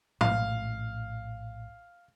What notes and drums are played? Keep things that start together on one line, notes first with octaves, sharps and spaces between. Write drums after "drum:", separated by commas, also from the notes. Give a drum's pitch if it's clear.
A#1 A2 F5, drum: tom